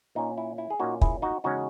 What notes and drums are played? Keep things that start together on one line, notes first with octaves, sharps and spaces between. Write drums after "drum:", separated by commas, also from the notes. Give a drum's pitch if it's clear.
A#2 A#3 C#4 D#4
E4
E4
G#4
A#2 A#3 C#4 D#4 F#4
E4 G#4, drum: kick
D#4 F#4
E2 C#3 G#3 C#4 D#4 F#4